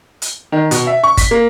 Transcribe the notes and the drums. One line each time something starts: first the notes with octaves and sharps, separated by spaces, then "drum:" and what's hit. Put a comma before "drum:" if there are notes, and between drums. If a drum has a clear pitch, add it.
drum: hi-hat
D#3
B2, drum: hi-hat
E5
C#6
B6, drum: kick F#1, hi-hat
A#3